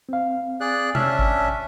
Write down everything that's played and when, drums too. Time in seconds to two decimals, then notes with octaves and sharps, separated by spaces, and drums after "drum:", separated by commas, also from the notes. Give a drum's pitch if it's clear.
0.09 C4 F5
0.61 G#4 D5 F#6
0.95 C#4 D4 E5 G#5 E6 F6, drum: tom C3
1.19 drum: kick G#1